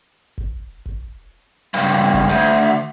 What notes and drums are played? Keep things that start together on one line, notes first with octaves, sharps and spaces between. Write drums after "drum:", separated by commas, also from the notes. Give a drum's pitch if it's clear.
drum: kick G1
drum: kick G1
C#2 G2
drum: kick G1
D2